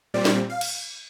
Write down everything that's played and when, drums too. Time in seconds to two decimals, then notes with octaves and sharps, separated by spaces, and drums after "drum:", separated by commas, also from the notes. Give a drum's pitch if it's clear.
0.14 A#2 G3 C4 D5
0.25 drum: snare
0.50 F5
0.61 drum: cymbal